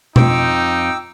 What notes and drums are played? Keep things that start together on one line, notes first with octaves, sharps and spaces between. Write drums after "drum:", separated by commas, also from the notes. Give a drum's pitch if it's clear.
F2 D#4 G5 D6 E6, drum: tom B2